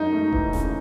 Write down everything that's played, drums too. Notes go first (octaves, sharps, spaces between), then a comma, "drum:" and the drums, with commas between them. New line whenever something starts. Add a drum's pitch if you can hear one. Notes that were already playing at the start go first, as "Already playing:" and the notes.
Already playing: F#2 G#3 D#4
A3
E3, drum: kick E1
C#3, drum: snare A1